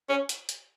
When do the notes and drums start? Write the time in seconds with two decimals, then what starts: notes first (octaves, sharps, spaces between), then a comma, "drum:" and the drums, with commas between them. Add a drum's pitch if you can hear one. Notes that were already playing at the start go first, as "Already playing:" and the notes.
0.09 C#4
0.29 drum: hi-hat
0.49 drum: hi-hat